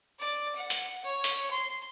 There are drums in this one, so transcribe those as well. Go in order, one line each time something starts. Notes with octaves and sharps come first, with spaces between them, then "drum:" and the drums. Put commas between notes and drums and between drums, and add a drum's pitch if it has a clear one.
D5
F#5
drum: hi-hat
C#5
drum: hi-hat
C6